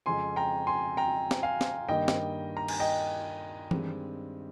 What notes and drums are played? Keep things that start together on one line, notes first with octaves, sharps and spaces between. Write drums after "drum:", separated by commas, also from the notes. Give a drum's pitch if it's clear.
F2 C#3 F3 G#3 C4 G#5 C6
G5 A#5
G#5 C6
G5 A#5
drum: snare
F5 G#5
drum: snare
G2 D#3 A#3 D#5 G5
drum: snare
A#5
G#5, drum: cymbal
D#5 G5
G2 D#3 G#3 C4, drum: tom E3